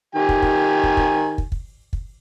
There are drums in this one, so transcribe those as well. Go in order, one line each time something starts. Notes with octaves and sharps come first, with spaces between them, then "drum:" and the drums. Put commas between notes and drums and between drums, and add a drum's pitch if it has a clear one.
D#3 G4 G#5
drum: kick
drum: kick
drum: kick
drum: kick
drum: kick
drum: kick
drum: kick